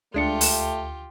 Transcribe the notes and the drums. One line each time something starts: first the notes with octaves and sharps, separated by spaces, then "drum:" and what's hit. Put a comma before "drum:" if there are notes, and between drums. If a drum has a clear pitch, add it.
D2 G#3 A3 D4 F4 G4 C#7
drum: open hi-hat